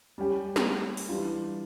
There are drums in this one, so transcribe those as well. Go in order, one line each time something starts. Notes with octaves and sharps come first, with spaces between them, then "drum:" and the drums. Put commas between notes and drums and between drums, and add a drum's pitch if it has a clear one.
G3 C#4 G4
drum: snare
drum: open hi-hat
E3 G3 D4 F4